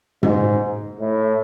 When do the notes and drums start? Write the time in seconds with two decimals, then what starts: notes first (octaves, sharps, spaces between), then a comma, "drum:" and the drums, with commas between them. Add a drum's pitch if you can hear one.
0.23 G#2, drum: tom
0.99 A2